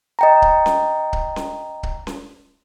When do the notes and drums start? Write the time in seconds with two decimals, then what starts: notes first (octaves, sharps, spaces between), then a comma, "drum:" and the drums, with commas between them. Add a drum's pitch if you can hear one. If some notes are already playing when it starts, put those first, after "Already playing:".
0.19 D#5 G5 A#5
0.42 drum: kick C#1
0.66 drum: snare C#4
1.13 drum: kick C#1
1.36 drum: snare C#4
1.83 drum: kick C#1
2.07 drum: snare C#4